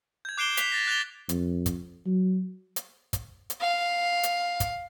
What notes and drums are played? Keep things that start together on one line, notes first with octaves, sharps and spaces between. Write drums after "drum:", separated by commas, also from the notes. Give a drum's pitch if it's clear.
G6 G#6
D6 F#6 C7 D7 E7 G7
F#6 B6 F7, drum: hi-hat
A6 A#6
F#6 A6 F7 G7
F2, drum: hi-hat
drum: kick, hi-hat
F#3
drum: hi-hat
drum: kick, hi-hat
drum: hi-hat
F5
drum: hi-hat
drum: kick, hi-hat